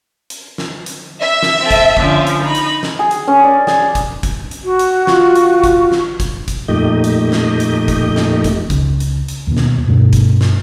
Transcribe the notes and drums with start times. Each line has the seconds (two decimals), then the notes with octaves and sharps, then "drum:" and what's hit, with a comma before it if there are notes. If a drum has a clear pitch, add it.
0.30 drum: hi-hat
0.58 drum: snare
0.86 drum: hi-hat
1.21 E5
1.43 drum: snare
1.61 C4 A4
1.71 drum: kick G#1, hi-hat
1.97 D3 F3 C#4, drum: kick G#1
2.27 drum: hi-hat
2.44 D#4 B5
2.55 drum: hi-hat
2.83 drum: snare
2.99 G#4
3.11 drum: hi-hat
3.28 C#4
3.44 D5
3.67 G#4, drum: snare
3.95 drum: kick G#1, hi-hat
4.23 drum: kick G#1, hi-hat
4.51 drum: hi-hat
4.64 F#4
4.79 drum: hi-hat
5.07 F4, drum: snare
5.36 drum: hi-hat
5.64 drum: kick G#1, hi-hat
5.92 drum: snare
6.20 drum: kick G#1, hi-hat
6.48 drum: kick G#1, hi-hat
6.68 F2 A#2 A3 D#4 G4 D#5
7.04 drum: hi-hat
7.32 drum: snare
7.60 drum: hi-hat
7.88 drum: kick G#1, hi-hat
8.16 drum: snare
8.44 drum: kick G#1, hi-hat
8.70 C#2, drum: kick G#1, hi-hat
9.00 drum: hi-hat
9.28 drum: hi-hat
9.47 D#2 B2
9.57 drum: snare
9.87 G2 B2 A3
10.13 drum: kick G#1, hi-hat
10.41 drum: snare